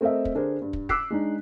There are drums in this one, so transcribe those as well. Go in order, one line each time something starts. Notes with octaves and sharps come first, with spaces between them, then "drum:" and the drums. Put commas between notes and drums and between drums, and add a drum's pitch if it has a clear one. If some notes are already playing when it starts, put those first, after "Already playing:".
A3 C4 A#4 D#5 E5
drum: kick
D3 D4 G#4 A#4 C5
G2
drum: kick
D6 E6 F#6 B6 C7, drum: kick
G#3 D4 D#4